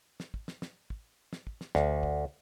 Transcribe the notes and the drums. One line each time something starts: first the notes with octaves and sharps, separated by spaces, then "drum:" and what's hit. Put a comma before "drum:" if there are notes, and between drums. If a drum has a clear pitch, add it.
drum: snare
drum: kick
drum: snare
drum: snare
drum: kick
drum: snare
drum: kick
drum: snare
D2, drum: snare
drum: kick